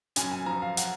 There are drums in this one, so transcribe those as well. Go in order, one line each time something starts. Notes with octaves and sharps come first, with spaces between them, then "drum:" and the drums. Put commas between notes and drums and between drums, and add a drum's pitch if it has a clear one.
F#2 G#5, drum: hi-hat
G#5
F3 A#5
F5
F#5, drum: hi-hat